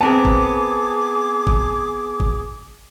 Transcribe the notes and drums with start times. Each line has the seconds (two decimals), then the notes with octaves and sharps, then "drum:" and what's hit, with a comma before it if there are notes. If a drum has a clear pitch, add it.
0.01 B3 C4 G#4 A#4 A5 D6
0.25 drum: kick G1
1.47 drum: kick G1
2.20 drum: kick G1